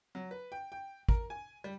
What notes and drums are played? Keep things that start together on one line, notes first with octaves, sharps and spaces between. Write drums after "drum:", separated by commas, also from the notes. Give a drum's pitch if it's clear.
F#3
B4
G5
G5
A#4, drum: kick
G#5
G3